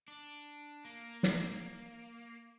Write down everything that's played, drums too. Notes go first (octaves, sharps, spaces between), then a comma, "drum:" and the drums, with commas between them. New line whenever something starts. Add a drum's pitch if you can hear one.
D4
A#3
drum: snare